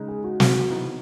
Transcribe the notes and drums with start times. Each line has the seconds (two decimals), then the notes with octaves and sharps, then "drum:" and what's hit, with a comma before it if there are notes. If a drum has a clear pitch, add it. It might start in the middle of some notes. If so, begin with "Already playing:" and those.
Already playing: C#3 G#3 D#4
0.08 G#4
0.24 F#4
0.40 F#4, drum: snare
0.55 F#4
0.70 E3 B3 D#4